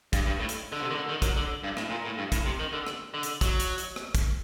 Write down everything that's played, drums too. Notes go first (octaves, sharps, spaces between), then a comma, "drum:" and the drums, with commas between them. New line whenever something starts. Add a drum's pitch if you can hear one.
G2, drum: kick, hi-hat
G2
A2
drum: hi-hat
D3
C3
D#3
D3
D#3
F#3, drum: kick, hi-hat
D3
G2
A2, drum: rim click
A#2
A2
G2
A2, drum: kick, hi-hat
C3
D#3
D3
drum: rim click
D3
drum: hi-hat
F#3, drum: kick, hi-hat
drum: hi-hat
drum: hi-hat
drum: rim click
drum: kick, hi-hat